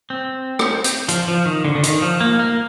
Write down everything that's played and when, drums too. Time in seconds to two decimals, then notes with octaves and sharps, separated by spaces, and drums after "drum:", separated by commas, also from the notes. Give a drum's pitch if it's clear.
0.10 C4
0.59 drum: rim click
0.84 drum: hi-hat
1.09 F3, drum: hi-hat
1.28 F3
1.46 D#3
1.65 D3
1.75 D3
1.83 D#3, drum: hi-hat
2.02 F3
2.21 A#3
2.39 A#3